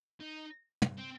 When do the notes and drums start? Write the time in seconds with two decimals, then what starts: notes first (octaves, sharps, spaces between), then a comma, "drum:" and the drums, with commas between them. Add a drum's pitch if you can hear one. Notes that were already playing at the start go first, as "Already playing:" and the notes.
0.21 D#4
0.82 drum: tom
0.98 C4